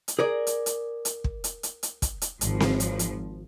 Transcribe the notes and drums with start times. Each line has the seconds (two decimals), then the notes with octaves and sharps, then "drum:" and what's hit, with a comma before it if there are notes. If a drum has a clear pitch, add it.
0.08 drum: hi-hat
0.19 G#4 A#4 D5
0.47 drum: hi-hat
0.66 drum: hi-hat
1.05 drum: hi-hat
1.24 drum: kick
1.44 drum: hi-hat
1.63 drum: hi-hat
1.83 drum: hi-hat
2.02 drum: kick, hi-hat
2.22 drum: hi-hat
2.41 G#1 F3, drum: hi-hat
2.60 drum: snare C4
2.80 drum: hi-hat
2.99 drum: hi-hat